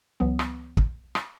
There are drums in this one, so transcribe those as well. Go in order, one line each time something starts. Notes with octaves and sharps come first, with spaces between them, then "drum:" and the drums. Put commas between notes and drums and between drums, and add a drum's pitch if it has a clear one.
C#2 E3 F#3 B3
drum: rim click
drum: kick
drum: rim click